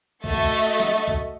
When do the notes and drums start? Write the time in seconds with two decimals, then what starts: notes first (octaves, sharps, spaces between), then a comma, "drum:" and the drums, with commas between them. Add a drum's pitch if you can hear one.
0.24 A3 F#4 D#5 E5 C#6 A6, drum: kick
0.38 drum: kick
0.80 drum: snare
1.08 drum: kick